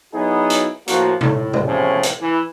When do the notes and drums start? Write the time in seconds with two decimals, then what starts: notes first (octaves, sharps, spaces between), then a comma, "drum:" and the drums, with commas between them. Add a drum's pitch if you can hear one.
0.14 F#3 B3 D#4 E4 F#4 G#4
0.50 drum: hi-hat
0.88 A2 F3 A#3 F#4, drum: hi-hat
1.21 A2, drum: tom B2
1.53 drum: tom
1.64 E2 A2 C3 F3 C#4 G#4
2.03 drum: hi-hat
2.21 E3